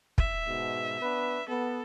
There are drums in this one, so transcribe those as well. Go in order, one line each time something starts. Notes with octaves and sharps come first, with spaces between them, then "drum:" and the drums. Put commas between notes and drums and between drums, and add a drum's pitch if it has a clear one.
E5, drum: kick
G#2 B2
B3 D4 B4
B3 A4